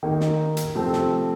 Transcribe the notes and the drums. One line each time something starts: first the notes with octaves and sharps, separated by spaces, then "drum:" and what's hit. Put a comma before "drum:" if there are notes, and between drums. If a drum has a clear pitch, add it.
D#3 A#3 D#4
drum: snare
drum: hi-hat
C3 F3 A3 C4
drum: snare